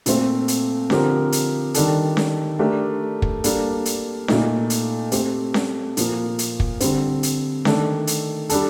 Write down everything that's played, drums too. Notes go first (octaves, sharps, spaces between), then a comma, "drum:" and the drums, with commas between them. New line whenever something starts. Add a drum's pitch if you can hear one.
A#2 A3 C4, drum: hi-hat
drum: hi-hat
D3 F3 C4 G4 A#4, drum: snare C#4
drum: hi-hat
D#3 G3 D4 A4, drum: hi-hat
drum: snare C#4
A3 D4 G4 A#4
drum: kick
G3 A#3 D4 A4, drum: hi-hat
drum: hi-hat
A#2 A3 D#4, drum: snare C#4
drum: hi-hat
A3 C4 G4, drum: hi-hat
drum: snare C#4
A#2 F3 A#3, drum: hi-hat
drum: hi-hat
drum: kick
D3 G3 C4, drum: hi-hat
drum: hi-hat
D#3 A3 D4 A4, drum: snare C#4
drum: hi-hat
G3 D4 A4, drum: hi-hat